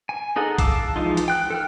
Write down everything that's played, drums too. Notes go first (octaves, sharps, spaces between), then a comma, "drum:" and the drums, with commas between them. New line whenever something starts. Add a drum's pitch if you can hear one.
G#5
D#4 G#4 A4 F#5
F5 A5 D6 E6, drum: kick B1, hi-hat
E3 F3 G#3 D#4 F4
drum: hi-hat
G5 F#6
A4 G5 F6